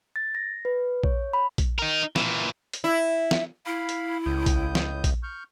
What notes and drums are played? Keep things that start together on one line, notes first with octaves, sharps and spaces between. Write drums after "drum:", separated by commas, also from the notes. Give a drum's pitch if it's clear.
A6
A#6
B4
C#5, drum: kick A#1
B5
drum: kick A#1, hi-hat
D#4 A#4
A#2 E3, drum: snare
drum: hi-hat
E4
drum: snare
E4 F5 B5
drum: hi-hat
C#2 A2 D#6 G6
drum: kick A#1, hi-hat
drum: snare
drum: kick A#1, hi-hat
C#6 F6 G6